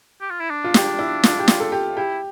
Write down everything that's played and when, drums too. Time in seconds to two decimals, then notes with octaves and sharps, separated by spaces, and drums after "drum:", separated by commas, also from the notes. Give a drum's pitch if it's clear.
0.21 G4
0.30 F4
0.40 E4
0.50 D4
0.64 F4
0.74 G4, drum: snare
0.99 E4
1.24 F4, drum: snare
1.39 G4
1.48 F4, drum: snare
1.60 A4
1.72 G4
1.96 E4 G4